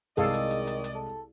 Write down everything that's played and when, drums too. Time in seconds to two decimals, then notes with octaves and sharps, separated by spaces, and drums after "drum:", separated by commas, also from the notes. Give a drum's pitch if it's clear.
0.17 C2 D#3 G#3 G#4 A4 D5 D#5 F5, drum: hi-hat
0.34 drum: hi-hat
0.51 drum: hi-hat
0.67 drum: hi-hat
0.84 drum: hi-hat
0.95 A4